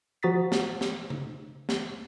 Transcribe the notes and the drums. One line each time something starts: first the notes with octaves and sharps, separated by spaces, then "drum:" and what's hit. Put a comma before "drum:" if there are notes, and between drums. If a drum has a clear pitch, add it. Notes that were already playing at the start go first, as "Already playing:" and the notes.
F3 F#4 A#5 D#6 A6 B6
drum: snare
drum: snare
drum: tom C#3
drum: snare